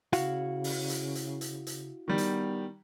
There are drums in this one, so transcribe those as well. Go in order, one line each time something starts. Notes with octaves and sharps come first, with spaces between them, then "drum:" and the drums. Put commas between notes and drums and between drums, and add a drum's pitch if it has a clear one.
C#3 E4 F#4 F5, drum: hi-hat
drum: open hi-hat
drum: hi-hat
drum: hi-hat
drum: hi-hat
drum: hi-hat
D#3 G3 B3
drum: hi-hat